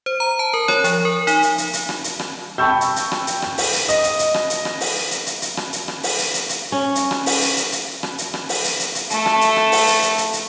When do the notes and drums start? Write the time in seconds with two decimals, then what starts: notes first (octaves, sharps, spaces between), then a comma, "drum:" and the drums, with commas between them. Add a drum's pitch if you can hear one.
0.06 C5
0.20 A#5
0.39 A5
0.54 A#4
0.68 C#5, drum: rim click
0.84 F3, drum: hi-hat
1.05 A#4
1.27 D#4, drum: hi-hat
1.43 drum: hi-hat
1.58 drum: hi-hat
1.73 drum: hi-hat
1.89 drum: rim click
2.04 drum: hi-hat
2.19 drum: rim click
2.58 G5 A5 B5 C#6 E6 G6
2.81 drum: hi-hat
2.96 drum: hi-hat
3.12 drum: rim click
3.27 drum: hi-hat
3.42 drum: rim click
3.58 drum: open hi-hat
3.73 drum: hi-hat
3.89 D#5, drum: hi-hat
4.04 drum: hi-hat
4.19 drum: hi-hat
4.34 drum: rim click
4.50 drum: hi-hat
4.65 drum: rim click
4.80 drum: open hi-hat
5.11 drum: hi-hat
5.27 drum: hi-hat
5.42 drum: hi-hat
5.57 drum: rim click
5.73 drum: hi-hat
5.88 drum: rim click
6.03 drum: open hi-hat
6.19 drum: hi-hat
6.34 drum: hi-hat
6.49 drum: hi-hat
6.72 C#4
6.95 drum: hi-hat
7.11 drum: rim click
7.26 drum: open hi-hat
7.41 drum: hi-hat
7.57 drum: hi-hat
7.72 drum: hi-hat
8.03 drum: rim click
8.18 drum: hi-hat
8.34 drum: rim click
8.49 drum: open hi-hat
8.64 drum: hi-hat
8.80 drum: hi-hat
8.95 drum: hi-hat
9.10 A3 A4, drum: hi-hat
9.26 drum: rim click
9.41 drum: hi-hat
9.56 drum: rim click
9.72 drum: open hi-hat
9.87 drum: hi-hat
10.03 drum: hi-hat
10.18 drum: hi-hat
10.33 drum: hi-hat